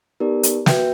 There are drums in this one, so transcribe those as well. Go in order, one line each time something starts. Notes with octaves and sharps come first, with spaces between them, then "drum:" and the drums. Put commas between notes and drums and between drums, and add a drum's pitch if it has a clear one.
B3 D#4 G4 A#4 D5
drum: hi-hat
F#4 B4 E5 G5, drum: snare